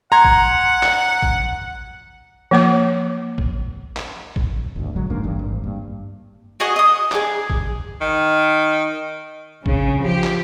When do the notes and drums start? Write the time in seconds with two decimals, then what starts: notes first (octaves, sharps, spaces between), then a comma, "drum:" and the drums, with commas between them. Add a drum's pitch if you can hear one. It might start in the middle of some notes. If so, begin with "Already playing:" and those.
0.12 F#5 A#5 C6 G#6
0.24 drum: kick A1
0.83 drum: clap
1.22 drum: kick A1
2.51 F3 A#3 C#5 D6
3.38 drum: kick A1
3.97 drum: clap
4.36 drum: kick A1
4.76 G1 D2
4.95 A#1 D3 F#3 G#3
5.10 F#1 G#2 A#3 D4
5.23 D1 G#1 G2 E3
5.39 G#1
5.64 G2 A#3
6.60 F#4 G#4 D#5 D#6
6.76 D#5 D#6
7.12 G#4 D6, drum: clap
7.50 drum: kick A1
8.01 D#3
9.66 C#3, drum: kick A1
10.02 F3 G4
10.24 drum: clap